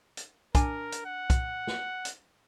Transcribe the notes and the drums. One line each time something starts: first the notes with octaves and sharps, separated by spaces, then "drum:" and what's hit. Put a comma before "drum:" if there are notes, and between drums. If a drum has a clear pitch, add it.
drum: hi-hat
D4 A#4 G#5, drum: kick, hi-hat
drum: hi-hat
F#5
drum: kick, hi-hat
drum: snare
drum: hi-hat